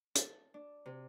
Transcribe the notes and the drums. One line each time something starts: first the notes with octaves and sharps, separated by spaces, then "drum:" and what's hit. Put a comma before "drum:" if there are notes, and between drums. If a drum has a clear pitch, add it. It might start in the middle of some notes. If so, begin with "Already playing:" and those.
A5, drum: hi-hat
D4
C3